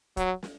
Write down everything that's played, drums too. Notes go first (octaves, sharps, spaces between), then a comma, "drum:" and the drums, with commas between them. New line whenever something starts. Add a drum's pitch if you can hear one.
F#3, drum: kick, hi-hat
drum: snare